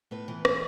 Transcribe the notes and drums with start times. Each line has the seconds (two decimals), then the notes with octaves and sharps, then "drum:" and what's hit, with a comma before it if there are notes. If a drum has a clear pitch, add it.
0.11 A2 B3 B4
0.28 E3
0.45 E3, drum: rim click